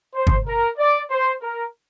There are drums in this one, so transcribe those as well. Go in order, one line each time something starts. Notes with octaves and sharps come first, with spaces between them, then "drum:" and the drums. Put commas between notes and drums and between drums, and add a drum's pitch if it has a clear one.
C5
drum: kick
A#4
D5
C5
A#4